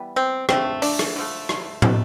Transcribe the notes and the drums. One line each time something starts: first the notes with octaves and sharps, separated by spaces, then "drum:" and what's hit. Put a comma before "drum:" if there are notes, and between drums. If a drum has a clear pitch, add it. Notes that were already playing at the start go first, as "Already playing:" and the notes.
Already playing: E3 G3 B3
C4
D3 F3 A3 C4, drum: rim click
D4, drum: open hi-hat
drum: rim click
D3 F3 A3
drum: rim click
B2 A3, drum: tom